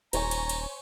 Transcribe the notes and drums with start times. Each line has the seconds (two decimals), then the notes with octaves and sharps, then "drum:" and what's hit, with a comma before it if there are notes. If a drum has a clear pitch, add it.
0.13 D#1 C5 C#5 G#5 A#5, drum: cymbal
0.31 drum: cymbal
0.49 drum: cymbal